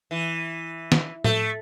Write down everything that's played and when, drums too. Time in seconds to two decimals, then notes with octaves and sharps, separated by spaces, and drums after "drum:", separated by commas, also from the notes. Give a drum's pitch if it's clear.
0.11 E3
0.92 drum: snare D#3
1.24 A3, drum: tom A2